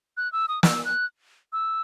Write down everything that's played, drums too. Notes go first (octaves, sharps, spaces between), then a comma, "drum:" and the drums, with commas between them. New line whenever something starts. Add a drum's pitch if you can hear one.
F#6
E6
D#6
E6, drum: snare
F#6
E6